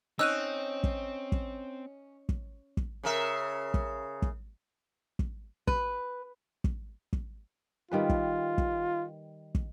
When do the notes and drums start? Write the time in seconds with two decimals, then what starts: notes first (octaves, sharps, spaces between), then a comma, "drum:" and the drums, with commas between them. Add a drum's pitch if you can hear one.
0.19 C4 C#4 D#4 E6 F#6 D#7
0.84 drum: kick
1.32 drum: kick
2.29 drum: kick
2.77 drum: kick
3.03 C#3 A#4 E5
3.74 drum: kick
4.22 drum: kick
5.19 drum: kick
5.67 B4, drum: kick
6.64 drum: kick
7.13 drum: kick
7.91 D#3 G3 F4 B4
8.09 drum: kick
8.58 drum: kick
9.55 drum: kick